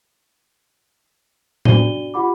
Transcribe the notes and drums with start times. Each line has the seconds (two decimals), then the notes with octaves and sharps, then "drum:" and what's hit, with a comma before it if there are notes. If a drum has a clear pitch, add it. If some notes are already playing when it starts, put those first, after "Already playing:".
1.65 D4 F#4 D5 D#7 G7, drum: tom A2
2.14 F4 G4 F#5 B5 D6